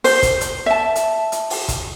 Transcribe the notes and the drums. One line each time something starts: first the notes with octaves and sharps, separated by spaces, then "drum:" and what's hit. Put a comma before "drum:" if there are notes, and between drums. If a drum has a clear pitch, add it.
C5, drum: open hi-hat
drum: kick, hi-hat
drum: hi-hat
E5 A5
drum: hi-hat
drum: hi-hat
drum: open hi-hat
drum: kick, hi-hat